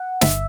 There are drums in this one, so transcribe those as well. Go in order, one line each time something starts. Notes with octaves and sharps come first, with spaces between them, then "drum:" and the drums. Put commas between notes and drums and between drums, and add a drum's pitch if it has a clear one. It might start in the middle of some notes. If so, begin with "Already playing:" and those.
Already playing: F#5
G1 E5, drum: snare